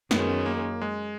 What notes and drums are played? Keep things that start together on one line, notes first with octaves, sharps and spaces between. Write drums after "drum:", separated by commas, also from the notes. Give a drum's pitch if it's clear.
F#2 D#3 G#3 B3 C#4, drum: snare
A#3
G#3